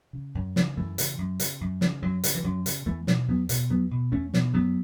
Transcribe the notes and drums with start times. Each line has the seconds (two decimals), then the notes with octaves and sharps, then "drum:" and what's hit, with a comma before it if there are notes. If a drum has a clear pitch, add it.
0.13 C#3
0.35 F#2
0.56 C#3, drum: snare
0.77 F#2 E3 A3
0.98 C#3, drum: hi-hat
1.18 F#2
1.40 C#3, drum: hi-hat
1.61 F#2
1.81 C#3, drum: snare
2.02 F#2 F#3
2.24 C#3, drum: hi-hat
2.35 E3
2.44 F#2 F#3
2.66 C#3, drum: hi-hat
2.86 E2 E3 A3
3.07 B2, drum: snare
3.28 E2 F#3 B3
3.49 B2, drum: hi-hat
3.70 E2 F#3 B3
3.91 B2
4.12 E2 A3 C#4
4.34 B2, drum: snare
4.54 F#2 F#3 B3